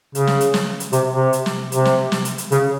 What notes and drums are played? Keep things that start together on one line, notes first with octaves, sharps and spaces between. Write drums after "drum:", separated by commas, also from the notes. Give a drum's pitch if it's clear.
C#3, drum: hi-hat
drum: snare
drum: hi-hat
drum: snare
drum: hi-hat
C3, drum: hi-hat
C3
drum: hi-hat
drum: snare
C3, drum: hi-hat
drum: snare
drum: snare
drum: hi-hat
drum: hi-hat
C#3, drum: hi-hat